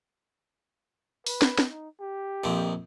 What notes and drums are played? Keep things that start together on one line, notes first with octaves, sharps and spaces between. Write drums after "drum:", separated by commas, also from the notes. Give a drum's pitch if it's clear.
B4, drum: open hi-hat
drum: snare
drum: snare
D#4
G4
A#1 F2 C4